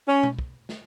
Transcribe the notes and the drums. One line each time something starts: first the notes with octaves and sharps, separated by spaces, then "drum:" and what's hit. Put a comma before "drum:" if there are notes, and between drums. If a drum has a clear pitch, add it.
C#4
drum: tom B2
drum: kick
drum: snare